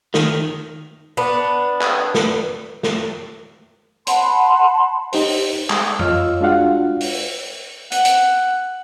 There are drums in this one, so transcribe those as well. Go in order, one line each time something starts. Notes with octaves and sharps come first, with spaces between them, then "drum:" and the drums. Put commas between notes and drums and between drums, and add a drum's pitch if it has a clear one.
D#3, drum: snare
B3 D4
drum: clap
drum: snare
drum: snare
F#5 A5 B5 C6, drum: hi-hat
D#4 G4 C5, drum: open hi-hat
G#3, drum: clap
F4 C#5 D#5 E6 F6, drum: tom F2
G#3 D4 F4 F#4 F5 F#5
drum: open hi-hat
F#5, drum: hi-hat
drum: hi-hat